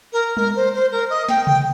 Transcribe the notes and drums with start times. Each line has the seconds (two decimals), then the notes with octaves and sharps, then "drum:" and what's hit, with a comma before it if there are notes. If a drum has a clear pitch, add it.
0.12 A#4
0.37 A#4, drum: tom G3
0.56 C5
0.73 C5
0.91 A#4
1.09 D#5
1.29 G5, drum: snare
1.47 G5, drum: tom C3